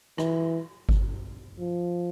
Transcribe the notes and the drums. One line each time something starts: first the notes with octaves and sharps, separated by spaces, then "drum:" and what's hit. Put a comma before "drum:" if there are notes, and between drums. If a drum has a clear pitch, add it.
E3, drum: rim click
drum: kick G1
F3